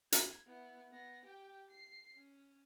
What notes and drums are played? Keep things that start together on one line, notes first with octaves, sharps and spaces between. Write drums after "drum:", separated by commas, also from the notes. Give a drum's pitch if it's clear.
G#6, drum: hi-hat
B3 E4
B3 A#6
G4 G5
C7
C#4